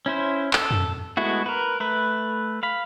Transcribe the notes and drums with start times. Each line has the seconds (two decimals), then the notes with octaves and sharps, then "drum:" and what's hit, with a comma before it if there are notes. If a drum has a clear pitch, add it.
0.06 C#4 E4 C5
0.53 A4, drum: clap
0.71 drum: tom F2
1.17 G#3 A3 B3 E4 F#4
1.46 A#4 B4
1.80 A3 B4
2.63 F5 B5